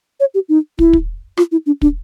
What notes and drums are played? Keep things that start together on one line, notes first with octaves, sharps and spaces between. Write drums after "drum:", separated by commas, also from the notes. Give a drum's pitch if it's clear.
C#5
G4
D#4
E4, drum: kick
drum: kick
F4, drum: rim click
E4
D4
D4, drum: kick